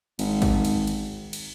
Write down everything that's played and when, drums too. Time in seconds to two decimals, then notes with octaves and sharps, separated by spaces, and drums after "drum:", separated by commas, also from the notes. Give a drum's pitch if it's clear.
0.19 G#1, drum: cymbal
0.42 drum: kick A1, cymbal
0.65 drum: cymbal
0.87 drum: cymbal
1.33 drum: cymbal